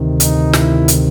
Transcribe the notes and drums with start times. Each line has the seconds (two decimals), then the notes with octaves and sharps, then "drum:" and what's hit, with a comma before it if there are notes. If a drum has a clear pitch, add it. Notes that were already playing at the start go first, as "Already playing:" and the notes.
Already playing: D2 C3 D#3
0.20 D#4, drum: hi-hat
0.53 E4, drum: snare
0.88 drum: hi-hat